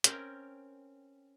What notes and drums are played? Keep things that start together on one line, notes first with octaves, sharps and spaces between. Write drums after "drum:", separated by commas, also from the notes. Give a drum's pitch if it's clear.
C4 C#4 A#4 G5, drum: hi-hat